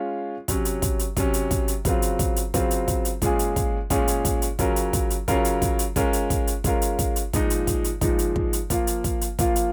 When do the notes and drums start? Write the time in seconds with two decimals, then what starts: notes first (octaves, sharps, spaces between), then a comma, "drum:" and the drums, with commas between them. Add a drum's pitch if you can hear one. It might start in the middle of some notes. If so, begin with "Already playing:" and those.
Already playing: G#3 C#4 F4
0.48 C3 F#3 C#4, drum: kick, hi-hat
0.65 drum: hi-hat
0.82 drum: kick, hi-hat
0.99 drum: hi-hat
1.17 C3 F#3 C#4, drum: kick, hi-hat
1.34 drum: hi-hat
1.51 drum: kick, hi-hat
1.68 drum: hi-hat
1.85 C#3 F#3 C4 F4, drum: kick, hi-hat
2.02 drum: hi-hat
2.19 drum: kick, hi-hat
2.36 drum: hi-hat
2.54 C#3 F#3 C4 F4, drum: kick, hi-hat
2.71 drum: hi-hat
2.88 drum: kick, hi-hat
3.05 drum: hi-hat
3.22 A#2 G#3 C#4 F4 G#4, drum: kick, hi-hat
3.39 drum: hi-hat
3.56 drum: kick, hi-hat
3.90 A#2 G#3 C#4 F4 G#4, drum: kick, hi-hat
4.08 drum: hi-hat
4.25 drum: kick, hi-hat
4.42 drum: hi-hat
4.59 C#3 F#3 C#4 F4 A#4, drum: kick, hi-hat
4.76 drum: hi-hat
4.93 drum: kick, hi-hat
5.10 drum: hi-hat
5.28 C#3 F#3 C#4 F4 A#4, drum: kick, hi-hat
5.45 drum: hi-hat
5.62 drum: kick, hi-hat
5.79 drum: hi-hat
5.96 G#3 C#4 F4 A#4, drum: kick, hi-hat
6.13 drum: hi-hat
6.30 drum: kick, hi-hat
6.47 drum: hi-hat
6.64 G#3 C#4 F4 A#4, drum: kick, hi-hat
6.82 drum: hi-hat
6.99 drum: kick, hi-hat
7.16 drum: hi-hat
7.33 A#2 F3 G#3 D#4, drum: kick, hi-hat
7.50 drum: hi-hat
7.67 drum: kick, hi-hat
7.84 drum: hi-hat
8.01 A#2 F3 G#3 D#4, drum: kick, hi-hat
8.19 drum: hi-hat
8.36 drum: kick
8.53 drum: hi-hat
8.70 F3 A#3 F4, drum: kick, hi-hat
8.87 drum: hi-hat
9.04 drum: kick, hi-hat
9.21 drum: hi-hat
9.39 F3 A#3 F4, drum: kick, hi-hat
9.56 drum: hi-hat